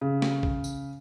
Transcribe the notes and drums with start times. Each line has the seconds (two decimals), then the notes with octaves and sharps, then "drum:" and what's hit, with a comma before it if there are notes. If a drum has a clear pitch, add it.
0.01 C#3
0.22 drum: snare
0.43 drum: kick
0.64 drum: tambourine